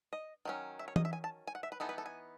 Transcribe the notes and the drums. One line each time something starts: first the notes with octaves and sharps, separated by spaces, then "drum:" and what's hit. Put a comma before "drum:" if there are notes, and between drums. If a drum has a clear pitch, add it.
D#5
D#3 F#3 C#4
E5
C#5
D#5, drum: tom E3
E5
G#5
A5
G#5
F#5
E5
B4
E3 B3 D#4 A4
B4
A4
G#5